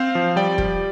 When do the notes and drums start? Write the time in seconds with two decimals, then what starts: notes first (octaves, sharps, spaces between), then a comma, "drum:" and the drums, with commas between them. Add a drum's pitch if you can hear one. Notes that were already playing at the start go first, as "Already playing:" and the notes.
Already playing: C4 C5 F5
0.15 F3
0.36 G3 D5 G5
0.58 G3, drum: kick E1